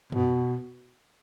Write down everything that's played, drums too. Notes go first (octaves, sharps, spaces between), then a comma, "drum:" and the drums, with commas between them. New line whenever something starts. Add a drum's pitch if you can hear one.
B2, drum: tom